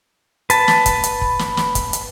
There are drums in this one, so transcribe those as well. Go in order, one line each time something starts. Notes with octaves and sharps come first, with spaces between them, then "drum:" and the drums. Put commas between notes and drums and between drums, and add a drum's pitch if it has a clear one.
B4 A5, drum: hi-hat
drum: snare
drum: kick, hi-hat
drum: hi-hat
drum: kick
drum: snare
drum: snare
drum: kick, hi-hat
drum: hi-hat